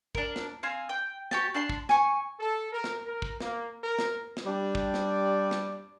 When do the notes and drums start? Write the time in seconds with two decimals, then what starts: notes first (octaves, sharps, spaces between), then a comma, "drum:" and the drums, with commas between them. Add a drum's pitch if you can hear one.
0.15 D4 A#4, drum: kick
0.36 drum: snare
0.63 C4 F5 G#5
0.89 G5
1.31 F#4 G4 A5, drum: snare
1.54 D4 A5 C6
1.69 drum: kick
1.89 G#5 C#6, drum: snare
2.40 A4
2.73 A#4
2.84 drum: snare
3.06 A#4
3.22 drum: kick
3.40 A#3, drum: snare
3.84 A#4
3.99 drum: snare
4.37 drum: snare
4.46 G3 D4 G4 D5
4.75 drum: kick
4.94 drum: snare
5.51 drum: snare